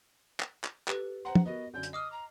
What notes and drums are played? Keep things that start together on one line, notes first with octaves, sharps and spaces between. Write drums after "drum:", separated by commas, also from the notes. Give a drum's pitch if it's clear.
drum: clap
drum: clap
G4 A4 B4 F#6, drum: clap
C5 F#5 A#5 C6
drum: tom
B3 F#4 A#4 D#5
F#2 D3 G6
drum: hi-hat
D#5 D6 D#6 F6 C7
A#5